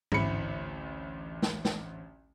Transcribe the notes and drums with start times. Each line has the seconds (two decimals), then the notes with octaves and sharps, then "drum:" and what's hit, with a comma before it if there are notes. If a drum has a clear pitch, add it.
0.12 A1 D2 C4 E4 B5 C#7, drum: tom G#2
1.42 drum: snare
1.65 drum: snare